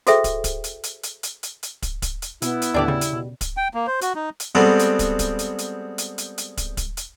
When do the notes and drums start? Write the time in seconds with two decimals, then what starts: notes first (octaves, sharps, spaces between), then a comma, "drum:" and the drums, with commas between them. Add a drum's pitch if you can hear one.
0.07 F#4 G#4 A4 C5 E5 G5, drum: hi-hat
0.24 drum: kick, hi-hat
0.44 drum: kick, hi-hat
0.64 drum: hi-hat
0.83 drum: hi-hat
1.03 drum: hi-hat
1.23 drum: hi-hat
1.43 drum: hi-hat
1.63 drum: hi-hat
1.82 drum: kick, hi-hat
2.02 drum: kick, hi-hat
2.22 drum: hi-hat
2.42 B2 B3 E4, drum: hi-hat
2.62 drum: hi-hat
2.74 D#2 A2 D3 D4 G4 D5
2.88 C#3 G3
3.01 drum: hi-hat
3.13 B2
3.41 drum: kick, hi-hat
3.57 G5
3.74 A#3
3.87 C5
4.01 F#4, drum: hi-hat
4.15 D#4
4.40 drum: hi-hat
4.55 G3 G#3 B3 C4 F#4 A4
4.79 drum: hi-hat
4.99 drum: kick, hi-hat
5.19 drum: kick, hi-hat
5.39 drum: hi-hat
5.58 drum: hi-hat
5.98 drum: hi-hat
6.18 drum: hi-hat
6.38 drum: hi-hat
6.57 drum: kick, hi-hat
6.77 drum: kick, hi-hat
6.97 drum: hi-hat